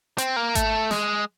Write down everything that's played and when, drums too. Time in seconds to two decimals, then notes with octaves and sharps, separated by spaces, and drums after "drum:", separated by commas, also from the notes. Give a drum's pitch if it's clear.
0.18 C4, drum: hi-hat
0.36 A#3
0.55 A3, drum: kick G#1, hi-hat
0.91 G#3, drum: snare